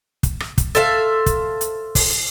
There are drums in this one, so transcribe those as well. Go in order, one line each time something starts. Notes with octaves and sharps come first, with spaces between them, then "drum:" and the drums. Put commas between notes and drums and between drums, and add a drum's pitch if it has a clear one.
drum: kick, hi-hat
drum: rim click
drum: kick, hi-hat
A4 C5 E5 F5
drum: kick, hi-hat
drum: hi-hat
drum: kick, open hi-hat